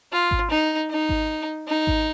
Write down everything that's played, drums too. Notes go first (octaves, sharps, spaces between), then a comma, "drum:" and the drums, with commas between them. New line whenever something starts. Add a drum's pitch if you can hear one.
F4
drum: kick G#1
D#4
D#4
drum: kick G#1
D#4
drum: kick G#1